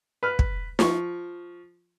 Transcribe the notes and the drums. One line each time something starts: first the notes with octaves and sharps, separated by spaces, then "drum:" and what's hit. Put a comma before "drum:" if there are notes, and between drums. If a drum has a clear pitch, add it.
B4 F6
drum: kick
F3 C#6, drum: snare